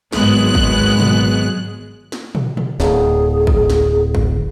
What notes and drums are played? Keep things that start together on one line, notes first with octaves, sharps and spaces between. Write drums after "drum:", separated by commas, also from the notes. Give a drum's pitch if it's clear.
G#1 F#3 G#3 B3 F#6, drum: snare
drum: kick
drum: tom
drum: snare
drum: tom
drum: tom
D1 G#4, drum: snare
drum: kick
drum: snare
drum: kick